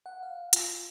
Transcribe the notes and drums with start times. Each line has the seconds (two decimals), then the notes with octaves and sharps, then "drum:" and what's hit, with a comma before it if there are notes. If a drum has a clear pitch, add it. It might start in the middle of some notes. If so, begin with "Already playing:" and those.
0.06 F#5
0.23 F5
0.53 F4, drum: hi-hat